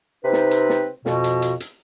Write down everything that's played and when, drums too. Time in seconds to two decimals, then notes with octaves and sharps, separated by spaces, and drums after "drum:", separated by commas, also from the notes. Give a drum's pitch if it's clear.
0.24 C3 C4 D#4 B4
0.33 drum: snare
0.51 drum: hi-hat
0.69 drum: snare
1.06 F2 B2, drum: snare
1.24 drum: hi-hat
1.42 drum: hi-hat
1.60 drum: hi-hat